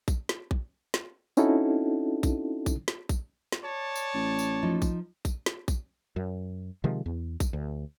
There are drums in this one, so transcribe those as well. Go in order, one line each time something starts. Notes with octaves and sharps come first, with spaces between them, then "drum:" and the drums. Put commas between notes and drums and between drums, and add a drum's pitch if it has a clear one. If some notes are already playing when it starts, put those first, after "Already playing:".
drum: kick A#1, tambourine
drum: snare
drum: kick A#1
drum: snare
C4 C#4 D#4 E4 F#4 A4, drum: tambourine
drum: kick A#1, tambourine
drum: kick A#1, tambourine
drum: snare
drum: kick A#1, tambourine
drum: snare
C#5 D5 A5
drum: tambourine
A1
drum: tambourine
F3 D#4
drum: kick A#1, tambourine
drum: kick A#1, tambourine
drum: snare
drum: kick A#1, tambourine
F#2
C3 D#3 F3 G#3
E2
drum: kick A#1, tambourine
D2